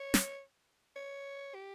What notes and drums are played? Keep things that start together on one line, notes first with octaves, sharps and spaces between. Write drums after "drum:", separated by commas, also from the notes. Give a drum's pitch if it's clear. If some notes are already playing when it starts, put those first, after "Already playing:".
Already playing: C#5
drum: snare
C#5
G4